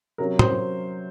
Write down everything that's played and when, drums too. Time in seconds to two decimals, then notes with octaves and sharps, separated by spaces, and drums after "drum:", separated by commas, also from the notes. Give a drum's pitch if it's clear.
0.18 C3 F#3 C#4 A#4
0.39 C5, drum: tom